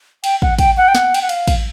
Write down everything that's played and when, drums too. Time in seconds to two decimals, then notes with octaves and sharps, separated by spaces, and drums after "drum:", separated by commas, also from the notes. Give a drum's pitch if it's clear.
0.24 G5, drum: cymbal
0.42 F#5, drum: kick
0.59 G5, drum: kick, cymbal
0.77 F#5
0.88 G5
0.95 F#5, drum: snare
1.14 G5, drum: cymbal
1.22 F#5
1.29 F5, drum: cymbal
1.47 drum: kick, cymbal